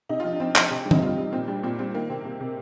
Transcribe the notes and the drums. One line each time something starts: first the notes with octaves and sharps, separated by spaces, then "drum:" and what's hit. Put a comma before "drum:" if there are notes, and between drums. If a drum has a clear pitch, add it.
C3 D#4
F4
F3
D4
F3 C4
F3 C4, drum: clap
C3
G3
D#4, drum: tom E3
G3 F4
G3
A#2 C4
G3 D4
A#2 C4
G3 C4
D#3 A#3
C3 C4
C3
C3